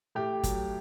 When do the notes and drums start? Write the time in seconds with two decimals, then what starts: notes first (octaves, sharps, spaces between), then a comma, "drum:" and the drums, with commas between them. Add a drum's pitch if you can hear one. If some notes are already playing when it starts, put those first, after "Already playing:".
0.15 A2 G4
0.43 F#3, drum: kick, hi-hat